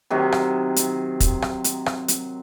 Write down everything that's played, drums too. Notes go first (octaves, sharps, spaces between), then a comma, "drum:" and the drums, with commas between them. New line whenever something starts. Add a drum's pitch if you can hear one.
C3 D#3 F#3
drum: rim click
drum: hi-hat
drum: kick, hi-hat
drum: rim click
drum: hi-hat
drum: rim click
drum: hi-hat